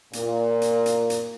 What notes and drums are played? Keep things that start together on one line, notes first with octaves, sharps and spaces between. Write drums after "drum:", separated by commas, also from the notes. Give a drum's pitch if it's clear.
A#2, drum: hi-hat
drum: hi-hat
drum: hi-hat
drum: hi-hat